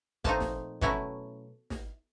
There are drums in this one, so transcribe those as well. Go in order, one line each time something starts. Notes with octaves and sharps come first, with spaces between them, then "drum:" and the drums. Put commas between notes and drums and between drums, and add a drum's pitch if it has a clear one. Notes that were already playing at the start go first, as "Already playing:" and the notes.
A#2 F3 A3 C4 D#4 A5, drum: kick
drum: snare
B2 F#3 A3 C#4 E4, drum: kick
drum: snare